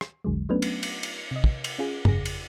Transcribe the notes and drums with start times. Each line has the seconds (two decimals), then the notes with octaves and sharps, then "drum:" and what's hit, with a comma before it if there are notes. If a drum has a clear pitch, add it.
0.01 drum: rim click
0.24 A#1 E2 D3 F#3 G#3
0.49 F#3 A3 B3 C#4 D4 B4
0.62 drum: cymbal
0.83 drum: cymbal
1.03 drum: cymbal
1.31 C3 D#5
1.44 drum: kick
1.64 drum: cymbal
1.79 C#4 F4 G#4
2.05 G1 F2 C#3 G#4 A#6, drum: tom
2.25 drum: cymbal